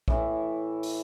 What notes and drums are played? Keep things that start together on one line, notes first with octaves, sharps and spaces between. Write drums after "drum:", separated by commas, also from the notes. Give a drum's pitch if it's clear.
A2 E3 E4, drum: kick A#1
drum: open hi-hat